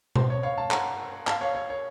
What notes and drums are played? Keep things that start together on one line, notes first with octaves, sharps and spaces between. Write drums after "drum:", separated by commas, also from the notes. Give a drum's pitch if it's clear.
C5, drum: tom B2
C#5
C#5 F5
F5 A5
F#5 A#5, drum: clap
F5 A5, drum: clap
C#5 F5
C#5
C#5